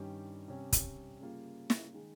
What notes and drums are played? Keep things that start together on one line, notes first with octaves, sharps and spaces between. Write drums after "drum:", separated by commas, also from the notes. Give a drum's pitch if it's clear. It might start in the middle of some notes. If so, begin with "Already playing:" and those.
Already playing: G2 D#3 G3 C#4 G4
C3 G3 C#4
drum: kick, hi-hat
C#3 G3 A#3 F4
drum: snare
D#3 G#3